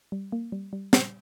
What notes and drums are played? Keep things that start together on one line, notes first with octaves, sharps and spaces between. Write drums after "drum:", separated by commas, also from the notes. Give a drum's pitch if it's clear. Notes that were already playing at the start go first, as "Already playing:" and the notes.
G3
A#3
G3
G3
G3, drum: snare